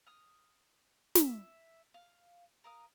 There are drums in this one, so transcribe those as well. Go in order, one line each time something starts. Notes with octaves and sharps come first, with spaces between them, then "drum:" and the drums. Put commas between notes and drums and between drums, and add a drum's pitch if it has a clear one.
D#6 F6
E5, drum: snare
F5
A#4 F5 D#6